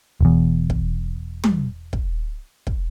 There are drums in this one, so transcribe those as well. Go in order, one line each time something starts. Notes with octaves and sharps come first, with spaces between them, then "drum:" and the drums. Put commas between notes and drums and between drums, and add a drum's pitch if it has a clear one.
E1 E2
drum: kick
drum: tom
drum: kick
drum: kick